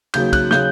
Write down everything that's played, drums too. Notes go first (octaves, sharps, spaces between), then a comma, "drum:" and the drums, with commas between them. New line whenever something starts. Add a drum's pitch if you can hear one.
D#2 C#3 F#3 G6, drum: cymbal
F#6, drum: kick, cymbal
C#3 F#3 G6, drum: snare